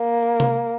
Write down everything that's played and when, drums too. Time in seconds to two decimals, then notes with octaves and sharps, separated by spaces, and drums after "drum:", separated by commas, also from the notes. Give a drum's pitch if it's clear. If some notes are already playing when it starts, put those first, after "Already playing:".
Already playing: A#3
0.40 drum: tom C3